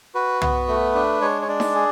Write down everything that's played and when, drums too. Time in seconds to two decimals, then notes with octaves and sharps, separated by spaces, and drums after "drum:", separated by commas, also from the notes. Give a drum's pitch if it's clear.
0.15 F#4 B4
0.42 B3, drum: tom
0.68 A3
0.95 D4
1.21 G#3 C#5
1.42 C#5
1.48 D4 D5
1.60 drum: snare D#4
1.75 G#4